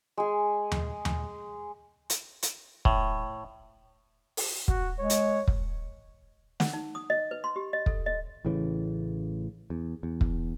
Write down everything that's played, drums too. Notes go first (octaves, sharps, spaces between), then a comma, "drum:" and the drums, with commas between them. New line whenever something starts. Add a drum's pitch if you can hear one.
G#3 G#4
drum: tom D#2
drum: tom D#2
drum: hi-hat
drum: hi-hat
A2, drum: kick
drum: open hi-hat
F#4, drum: kick
G#3 C#5
drum: hi-hat
drum: kick
F#5, drum: snare
D#4
D#6
D#5
B4
C6
G4
D#5
A4, drum: kick
D#5
A1 A2 C#3 E3
E2
E2
drum: kick